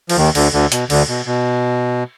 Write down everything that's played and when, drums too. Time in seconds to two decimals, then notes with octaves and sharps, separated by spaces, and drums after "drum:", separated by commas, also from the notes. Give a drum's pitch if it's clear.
0.10 F3, drum: cymbal
0.17 D#2 D#3
0.35 D2 D3, drum: cymbal
0.53 D2 D3
0.72 B2, drum: hi-hat
0.90 D2 D3, drum: cymbal
1.09 B2
1.27 B2